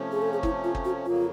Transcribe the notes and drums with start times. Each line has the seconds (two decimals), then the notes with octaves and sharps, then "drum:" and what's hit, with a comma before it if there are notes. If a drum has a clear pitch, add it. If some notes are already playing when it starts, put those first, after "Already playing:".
Already playing: C3 F3 A3 C#4
0.12 G#4
0.22 A4
0.32 G#4
0.43 E4, drum: kick
0.64 F4
0.75 drum: kick
0.85 F#4
1.06 F2 C#3 F#3 A#3 F4